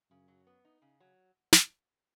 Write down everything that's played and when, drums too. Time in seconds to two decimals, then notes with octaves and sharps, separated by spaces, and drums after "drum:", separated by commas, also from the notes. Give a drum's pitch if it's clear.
0.10 F#2 C#3
0.28 F#3
0.47 B3
0.65 D#4
0.82 C#3
1.00 F#3
1.53 drum: snare